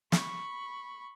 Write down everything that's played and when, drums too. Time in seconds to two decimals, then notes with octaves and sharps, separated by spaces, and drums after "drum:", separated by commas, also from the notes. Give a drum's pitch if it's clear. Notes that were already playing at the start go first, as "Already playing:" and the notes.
0.12 B5 C#6, drum: snare